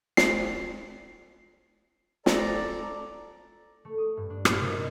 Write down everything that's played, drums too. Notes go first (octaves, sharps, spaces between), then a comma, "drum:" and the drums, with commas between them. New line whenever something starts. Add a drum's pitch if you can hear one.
C7, drum: snare
A4 D5 A#5, drum: snare
A3
D#6
G2
D4
A#2, drum: rim click
C3
D#5